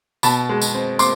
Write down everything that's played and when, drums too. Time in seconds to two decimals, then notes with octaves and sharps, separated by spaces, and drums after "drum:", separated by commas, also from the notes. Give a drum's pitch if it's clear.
0.23 B2 A5 B5, drum: tambourine
0.49 G#3
0.61 drum: tambourine
0.74 C4
0.99 C4 C6 D6, drum: tambourine